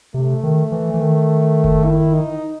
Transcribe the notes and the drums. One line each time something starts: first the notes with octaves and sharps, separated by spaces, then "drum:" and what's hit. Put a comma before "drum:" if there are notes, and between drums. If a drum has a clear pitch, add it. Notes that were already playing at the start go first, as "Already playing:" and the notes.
C3 A3
D#3
E3
E3
D#3
drum: kick F#1
E4
D#4